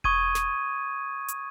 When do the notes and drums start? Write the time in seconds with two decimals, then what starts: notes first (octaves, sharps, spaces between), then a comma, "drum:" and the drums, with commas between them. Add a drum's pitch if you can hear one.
0.04 C#6 D#6 G#6 D#7, drum: kick E1
0.35 drum: snare
1.28 drum: hi-hat